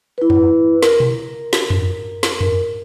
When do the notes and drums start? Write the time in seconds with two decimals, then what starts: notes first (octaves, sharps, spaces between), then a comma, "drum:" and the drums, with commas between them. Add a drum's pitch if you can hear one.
0.18 E4 B4
0.30 drum: tom F2
0.83 A#4, drum: snare
1.00 drum: tom B2
1.53 drum: snare
1.70 drum: tom F2
2.23 drum: snare
2.41 drum: tom F2